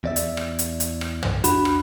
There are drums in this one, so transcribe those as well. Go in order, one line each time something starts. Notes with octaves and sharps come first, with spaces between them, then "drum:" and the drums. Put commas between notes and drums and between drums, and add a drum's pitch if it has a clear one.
E2 D5 E5
drum: hi-hat
drum: rim click
drum: hi-hat
drum: hi-hat
drum: rim click
drum: tom
D4 F#4 B5, drum: hi-hat
drum: rim click